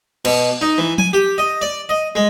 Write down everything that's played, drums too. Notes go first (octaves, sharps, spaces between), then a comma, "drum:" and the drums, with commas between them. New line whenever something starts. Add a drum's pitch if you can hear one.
B2, drum: cymbal
D#4
E3
G#5, drum: tom F3
G4
D#5
D5
D#5
G#3